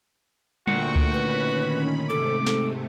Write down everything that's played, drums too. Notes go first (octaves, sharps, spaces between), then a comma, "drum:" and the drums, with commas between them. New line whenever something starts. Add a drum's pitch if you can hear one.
D2 A#2 A3 F#4 F#5 G5 C#6, drum: tom G3
drum: kick C#2
D#3 C#4 B4 B5
G#2 C3 A3 A4 D6
A4, drum: snare